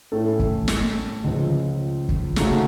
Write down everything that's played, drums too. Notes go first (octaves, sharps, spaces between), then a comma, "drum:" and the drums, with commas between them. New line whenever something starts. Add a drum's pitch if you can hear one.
A2 A3 C#4 A4
drum: kick
drum: snare
C#2 C#3 F3
drum: kick
C#3 A3 D#4 F#4, drum: snare